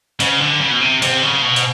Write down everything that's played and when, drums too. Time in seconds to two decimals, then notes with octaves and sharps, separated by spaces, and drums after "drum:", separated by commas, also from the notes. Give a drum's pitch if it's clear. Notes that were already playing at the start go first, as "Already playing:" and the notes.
0.20 C#3, drum: cymbal
0.40 D3
0.61 C#3
0.71 B2
0.81 C3
1.02 C3, drum: cymbal
1.23 C#3
1.43 B2
1.56 drum: cymbal